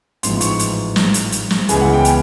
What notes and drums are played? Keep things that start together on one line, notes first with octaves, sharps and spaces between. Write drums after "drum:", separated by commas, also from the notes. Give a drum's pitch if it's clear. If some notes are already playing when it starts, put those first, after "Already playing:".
A1 G#2 F3 C6, drum: hi-hat
C#6, drum: hi-hat
drum: hi-hat
drum: snare
drum: hi-hat
drum: hi-hat
drum: snare
C#2 C#3 E3 G#3 B3 G#5, drum: hi-hat
F#5
G5
G#5, drum: hi-hat